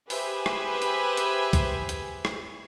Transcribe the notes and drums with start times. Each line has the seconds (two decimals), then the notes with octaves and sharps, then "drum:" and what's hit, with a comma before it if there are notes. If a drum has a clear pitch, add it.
0.10 G4 G#4 B4 C5 E5 G#5, drum: open hi-hat
0.46 drum: rim click
0.82 drum: hi-hat
1.17 drum: hi-hat
1.53 drum: kick, hi-hat
1.89 drum: hi-hat
2.25 drum: rim click